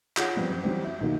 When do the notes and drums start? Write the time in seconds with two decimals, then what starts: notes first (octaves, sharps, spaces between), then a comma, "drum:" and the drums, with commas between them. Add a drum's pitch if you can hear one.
0.17 F4 G#4 C#5 F#5, drum: clap
0.36 F3 G3 B3 C4
0.50 F#2 C4
0.64 E3 F#3 G3 C4
0.84 E5
1.00 B1 D#3 A#3 F#4